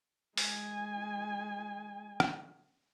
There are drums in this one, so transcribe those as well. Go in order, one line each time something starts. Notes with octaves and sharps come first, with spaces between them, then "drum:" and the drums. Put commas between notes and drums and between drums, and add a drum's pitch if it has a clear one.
G#3 G#5, drum: open hi-hat
drum: rim click